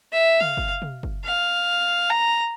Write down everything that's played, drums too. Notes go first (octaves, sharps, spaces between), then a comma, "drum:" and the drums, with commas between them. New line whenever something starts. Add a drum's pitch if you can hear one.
E5
F5, drum: tom
drum: kick
drum: tom
drum: kick
F5
A#5